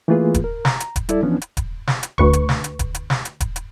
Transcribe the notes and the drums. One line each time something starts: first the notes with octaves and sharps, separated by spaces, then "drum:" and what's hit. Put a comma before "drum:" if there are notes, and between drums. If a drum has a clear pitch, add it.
E3 A3 A#3 F4 G#4 B4
drum: kick D#1, hi-hat
A#4
A#5, drum: snare
drum: hi-hat
drum: kick D#1, hi-hat
G3 E4 A4 D5, drum: hi-hat
E3 F3 B3 C#4 D4
drum: hi-hat
drum: kick D#1, hi-hat
drum: snare
drum: hi-hat
D2 B4 C#6, drum: kick D#1
drum: hi-hat
drum: snare
drum: hi-hat
drum: kick D#1, hi-hat
drum: hi-hat
drum: snare
drum: hi-hat
drum: kick D#1, hi-hat
drum: hi-hat